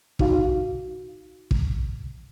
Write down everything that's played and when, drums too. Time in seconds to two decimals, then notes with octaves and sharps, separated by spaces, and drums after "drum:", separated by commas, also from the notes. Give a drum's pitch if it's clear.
0.19 D#4 F#4 F5, drum: kick
1.51 drum: kick